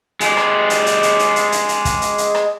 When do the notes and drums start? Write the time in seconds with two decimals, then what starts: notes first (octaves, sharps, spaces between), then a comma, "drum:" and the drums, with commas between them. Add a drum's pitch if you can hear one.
0.20 G#3 G4, drum: hi-hat
0.37 drum: rim click
0.70 drum: hi-hat
0.86 drum: hi-hat
1.03 drum: hi-hat
1.19 drum: hi-hat
1.36 drum: hi-hat
1.52 drum: hi-hat
1.69 drum: hi-hat
1.85 drum: kick, hi-hat
2.02 drum: hi-hat
2.18 drum: hi-hat
2.35 drum: rim click